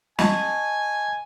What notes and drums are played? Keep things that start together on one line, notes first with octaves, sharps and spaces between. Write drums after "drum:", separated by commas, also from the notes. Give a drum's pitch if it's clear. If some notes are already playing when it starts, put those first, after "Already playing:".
D#5 G#5 A5 C#6, drum: snare